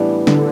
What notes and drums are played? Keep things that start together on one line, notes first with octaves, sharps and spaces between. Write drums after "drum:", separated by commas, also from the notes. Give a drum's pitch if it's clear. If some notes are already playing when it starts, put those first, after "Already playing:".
Already playing: A2 E3 G3 B3 D4
D3, drum: snare